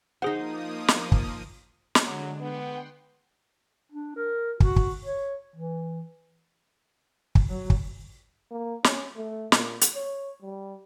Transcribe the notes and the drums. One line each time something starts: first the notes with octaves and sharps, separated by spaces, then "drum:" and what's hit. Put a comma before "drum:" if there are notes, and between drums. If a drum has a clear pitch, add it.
F3 A#3 D#4 G#4 C5 F#5 D#6
drum: snare
drum: kick
drum: snare
D3 F#3 G#3 D4
B3 F#5 G5 C6
D4
A#4
F#4, drum: kick
drum: kick
C#5
E3
drum: kick
F#3
drum: kick
A#3
C#4, drum: snare
A3
A#2, drum: snare
drum: hi-hat
C#5
G3